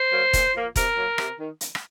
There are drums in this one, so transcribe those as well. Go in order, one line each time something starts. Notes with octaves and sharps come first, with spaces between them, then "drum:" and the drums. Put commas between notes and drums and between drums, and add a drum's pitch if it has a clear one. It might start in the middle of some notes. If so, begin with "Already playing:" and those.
Already playing: C5
F#3 A#3
A#2, drum: kick E1, hi-hat
F3 A#3
C3 A#4, drum: kick E1, hi-hat
F#3 A#3
C3, drum: rim click
D#3
drum: hi-hat
drum: rim click